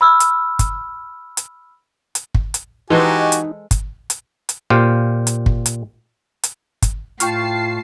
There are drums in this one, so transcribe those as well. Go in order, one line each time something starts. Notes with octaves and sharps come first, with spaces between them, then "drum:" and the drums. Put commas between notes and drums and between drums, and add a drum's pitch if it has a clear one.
B5 E6 F6
drum: hi-hat
drum: kick, hi-hat
drum: hi-hat
drum: hi-hat
drum: kick
drum: hi-hat
E3 G#3 D#4 F#4 G4 A4 C5 G#5
drum: hi-hat
drum: kick, hi-hat
drum: hi-hat
drum: hi-hat
A#2 G4 C5 F5
drum: hi-hat
drum: kick
drum: hi-hat
drum: hi-hat
drum: kick, hi-hat
A2 F4 G5 A5 C#6 F6 C7, drum: hi-hat